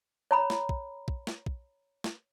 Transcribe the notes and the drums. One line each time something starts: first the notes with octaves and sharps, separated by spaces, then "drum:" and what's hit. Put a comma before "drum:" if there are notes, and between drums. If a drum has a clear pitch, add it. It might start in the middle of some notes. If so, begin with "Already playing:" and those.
C#5 A#5 B5
drum: snare
drum: kick
drum: kick
drum: snare
drum: kick
drum: snare